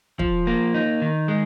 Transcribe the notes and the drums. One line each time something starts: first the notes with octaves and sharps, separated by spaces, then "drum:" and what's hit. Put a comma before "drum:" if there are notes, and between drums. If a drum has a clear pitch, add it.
F3, drum: kick
A#3
D#4
D#3
G#3